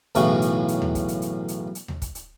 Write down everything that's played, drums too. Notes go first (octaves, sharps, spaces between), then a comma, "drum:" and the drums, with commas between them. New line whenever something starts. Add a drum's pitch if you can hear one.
B1 F#2 A2 C#3 E3 C#6, drum: hi-hat
drum: hi-hat
drum: hi-hat
drum: tom D#2
drum: kick, hi-hat
drum: hi-hat
drum: hi-hat
drum: hi-hat
drum: hi-hat
drum: tom D#2
drum: kick, hi-hat
drum: hi-hat